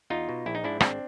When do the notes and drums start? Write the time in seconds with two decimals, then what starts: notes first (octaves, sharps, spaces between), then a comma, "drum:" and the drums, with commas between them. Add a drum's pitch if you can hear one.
0.10 E2 D#4 F4
0.29 B2
0.46 A#1 E4
0.55 D#4
0.64 G#2 F3 D4 E4
0.80 G#1 C4 D4, drum: rim click